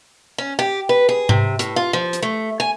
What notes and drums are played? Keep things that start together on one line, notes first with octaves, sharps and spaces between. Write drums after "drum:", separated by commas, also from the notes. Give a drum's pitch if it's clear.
C#4
G4
B4
G#4
C3, drum: tom G#2
A2, drum: hi-hat
F4
F3
drum: hi-hat
A3
G#5